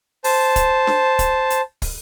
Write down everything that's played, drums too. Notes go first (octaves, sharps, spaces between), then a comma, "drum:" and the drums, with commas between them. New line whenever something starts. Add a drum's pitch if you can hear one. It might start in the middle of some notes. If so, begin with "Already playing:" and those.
C5 A5, drum: open hi-hat
drum: kick, hi-hat
drum: snare D4
drum: kick, hi-hat
drum: hi-hat
drum: kick, open hi-hat